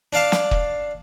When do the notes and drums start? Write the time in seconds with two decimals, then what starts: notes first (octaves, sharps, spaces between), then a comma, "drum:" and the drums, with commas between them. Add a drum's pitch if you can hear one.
0.13 D4 D5 F5 A5
0.32 drum: snare
0.51 drum: kick